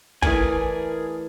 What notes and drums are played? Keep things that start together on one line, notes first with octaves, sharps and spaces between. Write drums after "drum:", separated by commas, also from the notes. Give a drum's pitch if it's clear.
E3 A3 G#4 A#4 D5 G#5, drum: kick